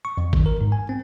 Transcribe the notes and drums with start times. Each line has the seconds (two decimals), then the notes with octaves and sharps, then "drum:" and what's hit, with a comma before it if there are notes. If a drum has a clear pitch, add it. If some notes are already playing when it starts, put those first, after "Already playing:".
0.05 C#6
0.17 F2
0.33 D#3, drum: kick G#1
0.46 A#4
0.61 G#2
0.72 G#5
0.89 C4